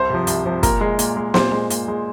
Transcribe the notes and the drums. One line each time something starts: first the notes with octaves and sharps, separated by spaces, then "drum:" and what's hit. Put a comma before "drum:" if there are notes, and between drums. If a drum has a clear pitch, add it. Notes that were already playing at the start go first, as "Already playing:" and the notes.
Already playing: C2 C5
C3 F3
C2, drum: hi-hat
C3 F3
A#2 A#4, drum: kick, hi-hat
G#3
A#2, drum: hi-hat
G#3
A#2 C5, drum: snare
G#3
A#2, drum: hi-hat
G#3